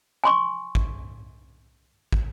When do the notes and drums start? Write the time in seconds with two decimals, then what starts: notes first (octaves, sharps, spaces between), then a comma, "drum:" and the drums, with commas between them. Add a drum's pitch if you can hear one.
0.24 G#5 C6 C#6
0.75 drum: kick
2.12 drum: kick